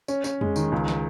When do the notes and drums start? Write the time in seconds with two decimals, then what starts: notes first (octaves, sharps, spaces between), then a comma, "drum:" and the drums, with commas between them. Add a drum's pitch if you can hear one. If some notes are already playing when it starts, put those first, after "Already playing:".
0.08 C#4, drum: tambourine
0.24 C#4, drum: tambourine
0.41 G#3, drum: tom E2
0.56 D#3, drum: tambourine
0.72 C#2
0.88 drum: snare